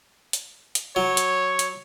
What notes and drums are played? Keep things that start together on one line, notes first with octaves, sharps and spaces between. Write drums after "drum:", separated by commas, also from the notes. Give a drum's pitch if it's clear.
drum: hi-hat
drum: hi-hat
F#3 C#5
drum: hi-hat
drum: hi-hat